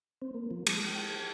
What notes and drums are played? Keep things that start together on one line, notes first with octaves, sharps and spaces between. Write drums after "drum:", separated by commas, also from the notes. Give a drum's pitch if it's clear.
C4
A#3
F3
G#3, drum: cymbal
G5
G#6